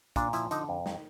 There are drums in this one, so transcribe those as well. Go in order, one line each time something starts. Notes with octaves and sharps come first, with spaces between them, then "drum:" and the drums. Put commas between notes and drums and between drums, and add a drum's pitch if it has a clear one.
A#2 D4, drum: kick, hi-hat
F3 E4, drum: hi-hat
D3 D#4, drum: hi-hat
F2
D#3, drum: snare